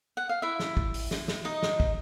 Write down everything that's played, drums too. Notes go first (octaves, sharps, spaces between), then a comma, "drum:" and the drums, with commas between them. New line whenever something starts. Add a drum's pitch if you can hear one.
F#5
F5
E4 E5
drum: snare
drum: kick
drum: open hi-hat
drum: snare
drum: snare
D#4 D#5
drum: snare
drum: kick